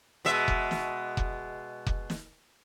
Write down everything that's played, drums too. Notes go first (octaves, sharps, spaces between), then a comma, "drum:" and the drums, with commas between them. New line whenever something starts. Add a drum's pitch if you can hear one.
B2 G#3 E5
drum: kick F1
drum: snare
drum: kick F1
drum: kick F1
drum: snare